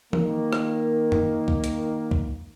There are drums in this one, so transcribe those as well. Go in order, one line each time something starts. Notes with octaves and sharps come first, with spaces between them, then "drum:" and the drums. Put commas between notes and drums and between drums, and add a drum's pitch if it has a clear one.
D#3 A#3, drum: tom E3
drum: rim click
drum: tom F#2
drum: kick C2
drum: hi-hat
drum: kick C2